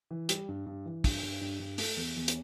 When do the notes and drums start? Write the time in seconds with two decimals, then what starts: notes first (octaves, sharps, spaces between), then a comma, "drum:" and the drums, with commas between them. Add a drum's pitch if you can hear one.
0.11 E3
0.29 G3, drum: hi-hat
0.49 G2
0.66 G2
0.86 E3
1.04 G2, drum: kick, open hi-hat
1.23 G2
1.41 G2
1.60 G2
1.78 A3, drum: open hi-hat
1.96 E2
2.16 E2
2.28 drum: hi-hat